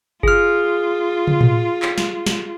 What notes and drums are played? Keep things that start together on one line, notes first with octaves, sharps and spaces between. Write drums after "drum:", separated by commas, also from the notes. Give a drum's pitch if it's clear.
F4 G#4 F6, drum: kick F#1
drum: tom
drum: tom A2
drum: clap
drum: snare
drum: snare